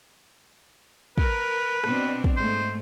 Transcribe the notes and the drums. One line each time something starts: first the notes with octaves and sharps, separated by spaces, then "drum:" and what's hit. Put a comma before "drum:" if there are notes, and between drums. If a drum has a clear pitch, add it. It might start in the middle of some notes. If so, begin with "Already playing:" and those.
A#4 B4, drum: kick
B2 C4 D4, drum: rim click
drum: kick
G#2 A3 C5